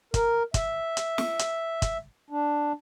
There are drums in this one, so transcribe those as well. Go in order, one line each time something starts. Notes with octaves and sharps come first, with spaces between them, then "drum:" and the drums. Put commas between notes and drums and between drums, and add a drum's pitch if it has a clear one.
A#4, drum: kick, hi-hat
E5, drum: kick, hi-hat
drum: hi-hat
drum: snare
drum: hi-hat
drum: kick, hi-hat
D4